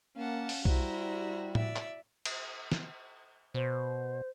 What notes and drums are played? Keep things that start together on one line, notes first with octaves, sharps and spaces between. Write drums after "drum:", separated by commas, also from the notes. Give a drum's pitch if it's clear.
A#3 C#4 F5 F#5 A5
drum: open hi-hat
G3 E4 F#4 C5 A#5, drum: kick B1
D5 E5, drum: tom A2
drum: clap
drum: cymbal
drum: snare
B2 C5